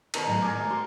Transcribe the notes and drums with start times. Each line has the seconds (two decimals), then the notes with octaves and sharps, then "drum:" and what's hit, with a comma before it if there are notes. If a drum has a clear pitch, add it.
0.14 B2 D#3 A#5, drum: cymbal
0.27 A2 F#3 G#5
0.42 G#4 A#4 D5
0.58 A3
0.70 F#4 C6